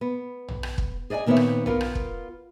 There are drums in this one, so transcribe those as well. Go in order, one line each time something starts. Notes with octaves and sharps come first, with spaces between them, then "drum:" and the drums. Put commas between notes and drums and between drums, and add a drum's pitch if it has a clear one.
B3
drum: tom A#1
drum: rim click
drum: kick
G#4 D5 D#5 F#5 G#5
A#2 D#3 B3 C4 C#5 E5
drum: rim click
B3 F4 A#4, drum: tom A#1
drum: rim click
drum: kick